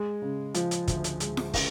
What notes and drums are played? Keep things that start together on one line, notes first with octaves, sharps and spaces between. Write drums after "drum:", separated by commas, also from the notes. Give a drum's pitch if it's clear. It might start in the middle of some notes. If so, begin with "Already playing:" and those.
Already playing: G#3
C#3
F3, drum: hi-hat
drum: hi-hat
D2, drum: kick, hi-hat
drum: hi-hat
G#3, drum: hi-hat
drum: snare
C#3, drum: kick, open hi-hat